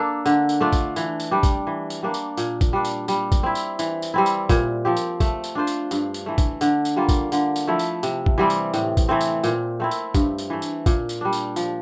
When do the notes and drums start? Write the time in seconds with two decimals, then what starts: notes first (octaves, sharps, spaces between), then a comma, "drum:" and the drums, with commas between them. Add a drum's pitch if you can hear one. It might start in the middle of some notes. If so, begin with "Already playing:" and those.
Already playing: A#3 D4 A4
0.26 D3, drum: tambourine
0.49 drum: tambourine
0.61 A3 D4 F4
0.73 drum: kick, tambourine
0.96 E3, drum: tambourine
1.20 drum: tambourine
1.31 G3 D4 G4
1.43 drum: kick, tambourine
1.67 E3
1.90 drum: tambourine
2.03 G3 A#3 D4
2.14 drum: tambourine
2.37 A#2, drum: tambourine
2.61 drum: kick, tambourine
2.73 G3 D4
2.85 drum: tambourine
3.08 G3, drum: tambourine
3.32 drum: kick, tambourine
3.43 C4 E4
3.55 drum: tambourine
3.79 E3, drum: tambourine
4.02 drum: tambourine
4.14 G3 C4 E4
4.26 drum: tambourine
4.49 A#2, drum: kick, tambourine
4.85 F3 C4 G4
4.97 drum: tambourine
5.20 A3, drum: kick, tambourine
5.44 drum: tambourine
5.55 D4 F4 C5
5.67 drum: tambourine
5.91 G2, drum: tambourine
6.14 drum: tambourine
6.26 E3 A3
6.38 drum: kick, tambourine
6.61 D3, drum: tambourine
6.85 drum: tambourine
6.96 G3 A#3 F4
7.09 drum: kick, tambourine
7.32 D3, drum: tambourine
7.56 drum: tambourine
7.68 F3 A3 E4
7.79 drum: tambourine
8.03 C3, drum: tambourine
8.26 drum: kick
8.38 E3 G3 C4
8.50 drum: tambourine
8.74 A2, drum: tambourine
8.97 drum: kick, tambourine
9.09 E3 A3 C4
9.21 drum: tambourine
9.44 A#2, drum: tambourine
9.80 A3 C4 E4
9.91 drum: tambourine
10.14 G2, drum: kick, tambourine
10.38 drum: tambourine
10.50 E3 A3
10.62 drum: tambourine
10.86 A#2, drum: kick, tambourine
11.09 drum: tambourine
11.21 G3 D4
11.33 drum: tambourine
11.56 F3, drum: tambourine